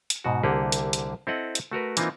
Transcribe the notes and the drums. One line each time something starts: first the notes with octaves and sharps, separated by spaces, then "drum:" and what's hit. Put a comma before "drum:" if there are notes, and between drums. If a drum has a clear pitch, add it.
drum: hi-hat
G#2 B2 F#4
C2 D3 A#3 G4 G#4 F#5
drum: hi-hat
drum: hi-hat
C4 E4 A4 D#5 F#5
drum: hi-hat
A3 F#4 A#4 B4
E3 A#3 C4 D#4 F4, drum: hi-hat